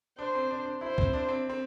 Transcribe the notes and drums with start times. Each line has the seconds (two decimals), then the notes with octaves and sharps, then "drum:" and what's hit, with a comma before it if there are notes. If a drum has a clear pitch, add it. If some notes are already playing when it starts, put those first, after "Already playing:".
0.19 D4 C5
0.35 C4
0.51 D4
0.66 D4
0.81 E4 C5
0.98 C4, drum: kick C#2
1.13 D4
1.28 C4
1.50 C4